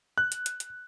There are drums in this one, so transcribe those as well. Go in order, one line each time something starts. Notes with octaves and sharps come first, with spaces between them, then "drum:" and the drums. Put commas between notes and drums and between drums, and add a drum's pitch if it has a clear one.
F#6
drum: hi-hat
drum: hi-hat
drum: hi-hat